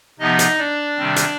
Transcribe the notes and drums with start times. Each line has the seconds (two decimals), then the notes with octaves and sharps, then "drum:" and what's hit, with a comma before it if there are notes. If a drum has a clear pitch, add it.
0.19 C3 F3 B3 D#4 D#5
0.39 drum: hi-hat
0.58 D4 D5
0.97 C3 D#3 G3 C4
1.16 drum: hi-hat